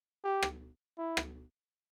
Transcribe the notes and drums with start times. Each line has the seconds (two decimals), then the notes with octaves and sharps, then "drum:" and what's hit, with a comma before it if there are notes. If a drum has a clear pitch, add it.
0.24 G4
0.43 drum: rim click
0.98 E4
1.17 drum: rim click